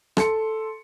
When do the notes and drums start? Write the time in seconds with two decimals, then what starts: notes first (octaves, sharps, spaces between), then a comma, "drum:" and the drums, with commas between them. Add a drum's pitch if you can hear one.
0.17 A4 C6 C#7, drum: rim click